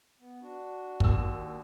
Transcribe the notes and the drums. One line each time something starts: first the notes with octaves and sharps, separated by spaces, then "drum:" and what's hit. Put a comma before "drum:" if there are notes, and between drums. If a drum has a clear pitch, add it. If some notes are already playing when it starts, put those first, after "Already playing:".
B3
D4 F#4
D#2 E6, drum: kick